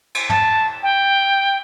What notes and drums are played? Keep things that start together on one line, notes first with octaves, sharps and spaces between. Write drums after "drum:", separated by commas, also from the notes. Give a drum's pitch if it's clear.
drum: cymbal
A5, drum: tom
G5